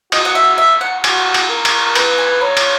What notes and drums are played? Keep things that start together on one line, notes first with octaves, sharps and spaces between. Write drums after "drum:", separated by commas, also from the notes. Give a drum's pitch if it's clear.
F#4 D#5, drum: cymbal
F#5
E5
E5
F#5
F#4 G#5, drum: cymbal
drum: cymbal
A#4
drum: cymbal
B4 A#5, drum: cymbal
G#5
C#5 A#5
drum: cymbal